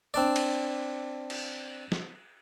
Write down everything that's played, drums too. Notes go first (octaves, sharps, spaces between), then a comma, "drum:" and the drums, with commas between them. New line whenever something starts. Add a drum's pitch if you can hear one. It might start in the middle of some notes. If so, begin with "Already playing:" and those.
C4 D4 D5
drum: cymbal
drum: cymbal
drum: snare